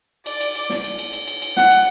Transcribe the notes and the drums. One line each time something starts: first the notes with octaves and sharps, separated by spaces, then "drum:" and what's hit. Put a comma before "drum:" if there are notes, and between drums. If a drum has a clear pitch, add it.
D5, drum: cymbal
drum: cymbal
drum: cymbal
drum: snare
drum: cymbal
drum: cymbal
drum: cymbal
drum: cymbal
drum: cymbal
F#5, drum: snare
drum: cymbal